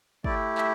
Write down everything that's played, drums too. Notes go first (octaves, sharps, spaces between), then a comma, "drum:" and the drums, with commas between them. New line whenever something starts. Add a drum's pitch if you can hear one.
A3 E4 G4 D5, drum: kick
E5, drum: clap